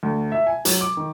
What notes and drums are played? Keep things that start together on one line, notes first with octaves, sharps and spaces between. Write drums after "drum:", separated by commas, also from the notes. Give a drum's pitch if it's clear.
D2
E5
G#5
F#3, drum: hi-hat
D6
D#3